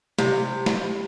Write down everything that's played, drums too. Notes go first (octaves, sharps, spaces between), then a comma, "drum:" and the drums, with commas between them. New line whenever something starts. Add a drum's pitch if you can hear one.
C3, drum: snare
drum: snare